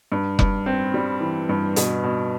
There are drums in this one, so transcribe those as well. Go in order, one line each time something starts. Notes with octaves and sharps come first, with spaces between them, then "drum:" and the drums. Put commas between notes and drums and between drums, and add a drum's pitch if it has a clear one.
G2
G2, drum: kick F1
C4
G3
E3
G2
B2, drum: hi-hat
B2